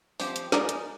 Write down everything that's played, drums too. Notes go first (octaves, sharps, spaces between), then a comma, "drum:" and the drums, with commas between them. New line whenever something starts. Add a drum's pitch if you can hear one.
F3 C4 G4, drum: open hi-hat
drum: hi-hat
G#3 D#4 A#4 D5, drum: snare
drum: hi-hat